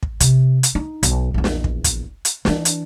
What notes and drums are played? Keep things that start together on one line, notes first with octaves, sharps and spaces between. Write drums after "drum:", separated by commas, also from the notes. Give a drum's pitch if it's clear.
drum: kick
C3, drum: kick, hi-hat
drum: hi-hat
D#4
B1, drum: hi-hat
A#1 E2
drum: snare
drum: kick
drum: kick, hi-hat
drum: hi-hat
E3 D4, drum: snare
drum: hi-hat